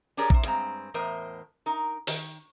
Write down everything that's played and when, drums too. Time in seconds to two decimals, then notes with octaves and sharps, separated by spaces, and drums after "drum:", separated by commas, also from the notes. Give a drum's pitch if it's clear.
0.17 D4 G4 G#4 A#4 C#5 D5
0.30 C3 C5, drum: kick A1
0.44 G2 G#3 C4 A#5, drum: hi-hat
0.94 E2 A2 A#4 C5 D#5
1.66 D#4 A#4
2.07 D#3, drum: open hi-hat